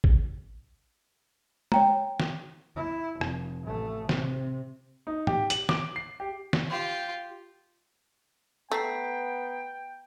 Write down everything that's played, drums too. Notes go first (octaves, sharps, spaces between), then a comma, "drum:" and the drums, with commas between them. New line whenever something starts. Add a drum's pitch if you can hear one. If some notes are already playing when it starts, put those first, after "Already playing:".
drum: kick
C#5 G5 A#5, drum: tom
drum: snare
E4
F1, drum: rim click
A1 A3
C3, drum: snare
D#4
G4, drum: tom G#2
F#7, drum: hi-hat
D6, drum: snare
C7
G4
drum: snare
F4 G4
A3 B3 G5 A#5 B6 C7